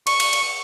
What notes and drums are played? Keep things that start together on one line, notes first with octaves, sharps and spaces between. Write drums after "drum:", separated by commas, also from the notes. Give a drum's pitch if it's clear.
C#6, drum: cymbal
drum: cymbal
drum: cymbal